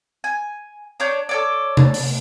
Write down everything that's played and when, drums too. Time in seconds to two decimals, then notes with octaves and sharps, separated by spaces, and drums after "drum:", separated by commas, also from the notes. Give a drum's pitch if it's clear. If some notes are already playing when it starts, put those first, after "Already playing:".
0.24 G#5
1.00 D4 C#5 G6
1.29 A4 C#5 D5
1.77 drum: tom C3
1.94 drum: open hi-hat